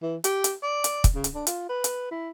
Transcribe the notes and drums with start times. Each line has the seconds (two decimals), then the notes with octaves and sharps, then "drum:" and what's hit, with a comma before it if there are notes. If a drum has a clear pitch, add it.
0.02 E3
0.24 G4, drum: hi-hat
0.44 drum: hi-hat
0.63 D5
0.84 drum: hi-hat
1.04 drum: kick, hi-hat
1.14 C#3
1.24 drum: hi-hat
1.34 D4
1.47 F4, drum: hi-hat
1.69 B4
1.84 drum: hi-hat
2.11 E4